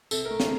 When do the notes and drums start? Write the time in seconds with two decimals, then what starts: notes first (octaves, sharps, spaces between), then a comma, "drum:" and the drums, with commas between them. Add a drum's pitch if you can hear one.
0.11 C3 A4, drum: tambourine
0.25 A#4
0.31 A3
0.40 F5, drum: snare